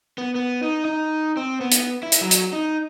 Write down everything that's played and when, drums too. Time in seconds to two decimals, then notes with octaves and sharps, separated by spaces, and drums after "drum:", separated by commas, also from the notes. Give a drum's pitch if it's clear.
0.18 B3
0.35 B3
0.63 D#4
0.85 D#4
1.37 C4
1.61 B3
1.72 drum: hi-hat
2.03 E4
2.12 drum: hi-hat
2.21 F#3
2.31 drum: hi-hat
2.53 D#4